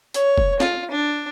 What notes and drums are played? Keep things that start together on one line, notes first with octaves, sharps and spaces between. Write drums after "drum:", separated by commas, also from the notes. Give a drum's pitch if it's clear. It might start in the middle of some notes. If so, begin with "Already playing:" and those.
C#5, drum: hi-hat
drum: kick
F4, drum: snare
D4